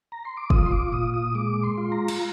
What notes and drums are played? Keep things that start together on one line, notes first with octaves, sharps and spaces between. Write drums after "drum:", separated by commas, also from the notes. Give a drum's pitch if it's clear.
A#5
C6
D6
F4 D#6, drum: kick
C6
D6
A#2 D#6
D#6
G#3 D6
C6
F4
A#5
drum: cymbal